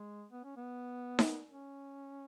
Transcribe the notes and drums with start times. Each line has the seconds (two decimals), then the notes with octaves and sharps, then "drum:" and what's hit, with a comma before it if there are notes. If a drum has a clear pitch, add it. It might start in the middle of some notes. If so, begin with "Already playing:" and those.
Already playing: G#3
0.31 B3
0.44 C#4
0.57 B3
1.19 drum: snare D#4
1.50 C#4